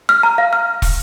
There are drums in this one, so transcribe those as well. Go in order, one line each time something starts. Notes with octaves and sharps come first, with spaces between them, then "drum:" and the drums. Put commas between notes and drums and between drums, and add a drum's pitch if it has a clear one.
F6
A#5
F5
F6
drum: kick, open hi-hat